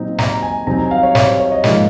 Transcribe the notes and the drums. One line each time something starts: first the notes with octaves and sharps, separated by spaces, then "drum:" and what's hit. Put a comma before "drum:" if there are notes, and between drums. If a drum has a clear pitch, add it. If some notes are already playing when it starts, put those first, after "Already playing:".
Already playing: A#2 F#3 C4 D#4
A#5, drum: snare
G#5
C2 C3 F#3 C4 D#4 A#5
G#5
F5
C#5
C#5, drum: snare
C5
C#5
D#5
G#2 F3 A#3 D#4, drum: snare